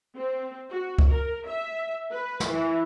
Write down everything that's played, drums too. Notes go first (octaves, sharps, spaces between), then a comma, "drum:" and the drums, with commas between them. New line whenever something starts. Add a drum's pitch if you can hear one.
C4
F#4
drum: kick C#2
A#4
E5
B4
drum: snare
E3